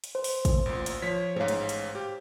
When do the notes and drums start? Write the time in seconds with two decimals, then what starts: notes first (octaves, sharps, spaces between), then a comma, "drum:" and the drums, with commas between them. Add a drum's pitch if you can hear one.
0.04 drum: hi-hat
0.15 C5
0.24 drum: open hi-hat
0.45 drum: kick, hi-hat
0.66 A1 A#2
0.86 drum: hi-hat
1.02 F3 C#5 B6
1.36 A1 G#2 C#5 F5
1.48 drum: hi-hat
1.69 drum: hi-hat
1.95 G4